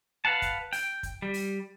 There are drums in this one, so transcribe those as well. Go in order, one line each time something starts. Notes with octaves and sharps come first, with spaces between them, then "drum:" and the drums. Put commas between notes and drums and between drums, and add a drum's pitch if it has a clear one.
B4 F5 F#5 A5
drum: kick, hi-hat
G5, drum: open hi-hat
drum: kick, hi-hat
G3
drum: open hi-hat